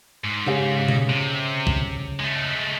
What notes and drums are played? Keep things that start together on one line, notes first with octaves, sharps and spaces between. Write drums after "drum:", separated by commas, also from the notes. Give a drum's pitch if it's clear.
G#2
C#3 G4 F5
drum: tom B2
C3
drum: kick
G#3 A3